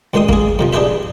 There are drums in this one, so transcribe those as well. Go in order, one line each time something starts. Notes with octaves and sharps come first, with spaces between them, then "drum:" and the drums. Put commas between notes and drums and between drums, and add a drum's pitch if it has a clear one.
C#2 A#2 G#3 G5 C6 D#6
A#3 G#4, drum: kick
F2 C3 F3
D4 G4 G#4 B4 C5 E5